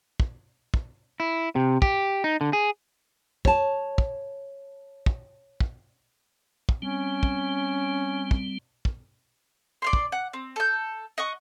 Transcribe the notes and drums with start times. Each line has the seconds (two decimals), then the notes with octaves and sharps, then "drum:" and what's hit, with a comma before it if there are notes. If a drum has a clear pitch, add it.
0.20 drum: kick
0.74 drum: kick
1.20 E4
1.56 C3
1.82 G4, drum: kick
2.24 D#4
2.41 D3
2.53 G#4
3.45 C#5 A5, drum: kick
3.98 drum: kick
5.06 drum: kick
5.60 drum: kick
6.69 drum: kick
6.82 G3 C4 C#4
7.23 drum: kick
8.31 drum: kick
8.85 drum: kick
9.82 D5 F5 C6
9.93 drum: kick
10.12 F#5
10.34 C4
10.56 A4 G6
11.18 D#5 F#5 C#6